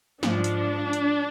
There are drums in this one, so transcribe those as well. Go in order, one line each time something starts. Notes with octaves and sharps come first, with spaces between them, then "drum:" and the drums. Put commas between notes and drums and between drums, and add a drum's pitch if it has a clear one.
G#2 F3 D4, drum: snare
drum: hi-hat
drum: hi-hat